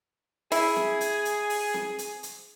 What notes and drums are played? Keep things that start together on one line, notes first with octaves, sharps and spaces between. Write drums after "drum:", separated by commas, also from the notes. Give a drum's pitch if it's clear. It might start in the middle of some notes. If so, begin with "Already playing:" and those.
E4 G#4, drum: open hi-hat
drum: snare
drum: hi-hat
drum: hi-hat
drum: open hi-hat
drum: snare
drum: hi-hat
drum: hi-hat